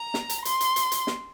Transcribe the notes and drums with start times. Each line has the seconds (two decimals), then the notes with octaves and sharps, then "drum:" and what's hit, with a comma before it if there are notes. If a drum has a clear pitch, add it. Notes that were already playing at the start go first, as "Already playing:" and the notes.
Already playing: A#5
0.14 drum: snare
0.29 drum: hi-hat
0.45 C6, drum: hi-hat
0.61 drum: hi-hat
0.76 drum: hi-hat
0.92 drum: hi-hat
1.07 drum: snare